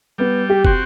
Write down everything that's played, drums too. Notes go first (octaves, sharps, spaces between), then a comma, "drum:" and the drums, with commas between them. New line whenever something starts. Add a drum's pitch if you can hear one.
G3 B3
G4
C4 F#4, drum: kick